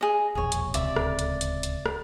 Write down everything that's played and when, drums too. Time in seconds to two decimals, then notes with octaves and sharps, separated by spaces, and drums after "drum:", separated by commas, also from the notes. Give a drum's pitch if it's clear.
0.01 G#4 D#5
0.35 E1 A#1 D#2 G#4 C#5
0.52 drum: hi-hat
0.74 D1 C#2 C3 D5 E5, drum: hi-hat
0.96 drum: rim click
1.19 drum: hi-hat
1.41 drum: hi-hat
1.63 drum: hi-hat
1.86 drum: rim click